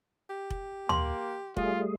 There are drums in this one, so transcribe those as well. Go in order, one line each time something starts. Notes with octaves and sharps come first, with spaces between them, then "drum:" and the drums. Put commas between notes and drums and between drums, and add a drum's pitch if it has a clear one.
G4
drum: kick F1
A#3 C6, drum: tom
G3 A3 F4 G#4, drum: kick F1